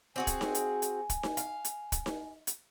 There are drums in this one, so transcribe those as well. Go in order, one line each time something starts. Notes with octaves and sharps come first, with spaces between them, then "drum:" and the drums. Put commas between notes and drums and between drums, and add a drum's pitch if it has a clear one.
C4 F#4 G#4 G#5
drum: kick, hi-hat
drum: snare D#4
drum: hi-hat
drum: hi-hat
drum: kick, hi-hat
drum: snare D#4
F5, drum: hi-hat
drum: hi-hat
drum: kick, hi-hat
drum: snare D#4
drum: hi-hat